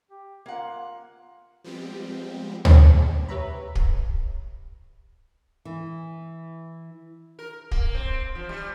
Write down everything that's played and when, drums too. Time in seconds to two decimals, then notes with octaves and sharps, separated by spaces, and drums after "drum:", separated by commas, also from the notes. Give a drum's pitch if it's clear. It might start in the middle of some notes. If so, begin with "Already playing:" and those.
0.11 G4
0.46 A#3 F4 F#5
1.64 F3 G3 G#3 B3 C4 G4
2.65 drum: tom D2
3.28 G4 B4 C#5 E5 A#5 B5
3.75 drum: kick
5.65 E3
7.39 A#4
7.71 A#3, drum: kick
7.95 C4
8.35 F3
8.49 G3